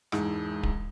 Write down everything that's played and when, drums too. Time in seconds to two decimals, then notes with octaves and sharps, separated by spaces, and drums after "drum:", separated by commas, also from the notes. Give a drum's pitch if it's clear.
0.12 E1 G#2 E3, drum: rim click
0.63 drum: kick D1